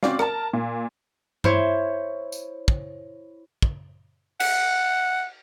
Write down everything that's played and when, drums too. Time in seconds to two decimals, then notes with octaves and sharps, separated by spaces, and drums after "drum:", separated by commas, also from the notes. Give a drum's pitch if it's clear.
0.03 C4 C#4 F#4 D5 F5, drum: snare
0.19 A#4 A5, drum: rim click
0.53 A#2
1.44 E4 C5 C#5, drum: tom G2
2.32 drum: tambourine
2.68 drum: kick
3.62 drum: kick
4.40 F#5, drum: cymbal